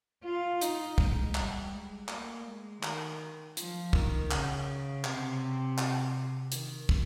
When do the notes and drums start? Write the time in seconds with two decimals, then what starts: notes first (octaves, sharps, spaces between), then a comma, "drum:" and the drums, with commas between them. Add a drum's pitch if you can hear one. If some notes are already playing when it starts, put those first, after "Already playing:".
0.24 F4
0.61 D#4, drum: hi-hat
0.98 G#3, drum: kick
1.35 G3, drum: clap
1.73 G#3
2.08 A#3, drum: clap
2.46 G#3
2.83 D#3, drum: clap
3.57 F3, drum: hi-hat
3.93 D#3, drum: kick
4.31 C#3, drum: clap
5.04 C3, drum: clap
5.78 drum: clap
6.52 D#3, drum: hi-hat
6.89 drum: kick